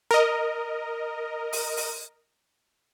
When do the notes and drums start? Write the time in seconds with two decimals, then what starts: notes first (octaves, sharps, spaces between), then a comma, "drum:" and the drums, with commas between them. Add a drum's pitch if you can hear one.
0.11 A#4 D#5
1.53 drum: open hi-hat
1.77 drum: open hi-hat